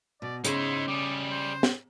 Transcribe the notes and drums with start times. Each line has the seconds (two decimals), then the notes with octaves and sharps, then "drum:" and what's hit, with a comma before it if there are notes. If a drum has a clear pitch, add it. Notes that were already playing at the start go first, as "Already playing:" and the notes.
0.22 B2 D5
0.44 C#3 D#4 E4 C5, drum: hi-hat
0.88 G3 G#4 D6
1.31 C5
1.63 drum: snare